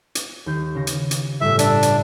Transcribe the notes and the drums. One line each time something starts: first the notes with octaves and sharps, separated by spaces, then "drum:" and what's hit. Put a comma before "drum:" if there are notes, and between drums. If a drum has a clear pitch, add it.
drum: hi-hat
D#2 G6
C#3 A#6
drum: hi-hat
drum: hi-hat
G1 A2 E5
D4, drum: hi-hat
drum: hi-hat